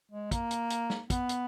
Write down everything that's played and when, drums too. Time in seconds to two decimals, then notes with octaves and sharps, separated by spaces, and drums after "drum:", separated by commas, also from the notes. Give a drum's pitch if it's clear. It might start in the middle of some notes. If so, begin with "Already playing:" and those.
0.12 G#3
0.31 A#3, drum: kick, hi-hat
0.51 drum: hi-hat
0.70 drum: hi-hat
0.90 drum: snare
1.10 B3, drum: kick, hi-hat
1.29 drum: hi-hat